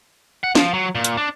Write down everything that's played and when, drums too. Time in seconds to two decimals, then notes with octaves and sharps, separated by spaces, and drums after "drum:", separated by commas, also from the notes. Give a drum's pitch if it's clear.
0.44 F#5
0.55 F3, drum: snare
0.74 F#3
0.95 A#2
1.04 drum: hi-hat
1.17 D4